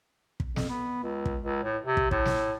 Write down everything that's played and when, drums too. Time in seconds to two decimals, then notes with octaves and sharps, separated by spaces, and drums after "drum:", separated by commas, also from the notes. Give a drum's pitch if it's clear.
0.40 drum: kick
0.56 F2, drum: snare
0.69 B3
1.04 C#2
1.25 drum: kick
1.43 C#2
1.63 A2
1.86 C3
1.97 drum: kick
2.11 A2, drum: kick
2.26 drum: snare